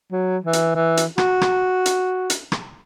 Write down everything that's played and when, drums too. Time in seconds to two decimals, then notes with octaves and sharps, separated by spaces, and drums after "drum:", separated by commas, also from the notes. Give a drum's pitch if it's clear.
0.12 F#3
0.44 E3
0.53 drum: hi-hat
0.75 E3
0.97 drum: hi-hat
1.18 F#4, drum: rim click
1.41 drum: rim click
1.86 drum: hi-hat
2.30 drum: hi-hat
2.52 drum: rim click